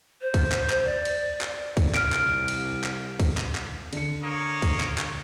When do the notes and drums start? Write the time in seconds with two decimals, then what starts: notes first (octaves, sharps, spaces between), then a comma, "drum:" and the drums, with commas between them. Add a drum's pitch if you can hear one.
0.21 C5
0.34 drum: kick, cymbal
0.52 drum: clap
0.70 drum: clap
0.85 D5
1.05 drum: cymbal
1.41 drum: clap
1.77 drum: kick, cymbal
1.95 C2 F6 D7, drum: clap
2.12 drum: clap
2.48 drum: cymbal
2.84 drum: clap
3.19 drum: kick, cymbal
3.37 drum: clap
3.55 drum: clap
3.93 D3 C#7, drum: cymbal
4.22 A#3 C#5 D#6
4.62 drum: kick, cymbal
4.80 drum: clap
4.98 drum: clap